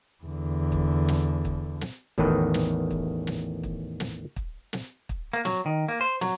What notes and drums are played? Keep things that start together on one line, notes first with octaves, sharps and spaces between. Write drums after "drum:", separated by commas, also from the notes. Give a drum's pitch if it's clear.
E2 D3
drum: kick
drum: snare
drum: kick
drum: snare
A1 E2 D#3 A4 B4 G5, drum: kick
drum: snare
drum: kick
drum: snare
drum: kick
drum: snare
drum: kick
drum: snare
drum: kick
A#3
F#3, drum: snare
D#3
A#3
C5
F#3, drum: snare